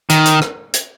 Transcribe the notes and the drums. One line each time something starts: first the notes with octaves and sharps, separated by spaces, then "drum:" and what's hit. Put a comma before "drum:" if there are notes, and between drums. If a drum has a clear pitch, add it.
D#3, drum: hi-hat
drum: hi-hat
drum: rim click
drum: hi-hat